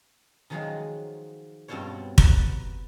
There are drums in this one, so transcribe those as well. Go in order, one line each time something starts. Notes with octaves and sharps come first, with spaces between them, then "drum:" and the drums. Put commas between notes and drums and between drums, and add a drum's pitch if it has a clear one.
D#3 F3 F#3 G#3 F4 G#4
G2 B2 C4 F4 C5 C#5
B4 E5 F#5 A5 A#5, drum: kick